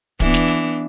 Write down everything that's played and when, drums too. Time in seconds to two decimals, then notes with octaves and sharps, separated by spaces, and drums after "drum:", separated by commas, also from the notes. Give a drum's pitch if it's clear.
0.20 E3 B3 D4, drum: kick, hi-hat
0.34 drum: snare
0.48 drum: hi-hat